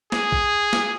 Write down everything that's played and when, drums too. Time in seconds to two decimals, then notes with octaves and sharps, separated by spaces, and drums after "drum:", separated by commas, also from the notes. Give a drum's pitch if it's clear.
0.12 G#4, drum: snare
0.32 drum: kick A#1
0.73 drum: snare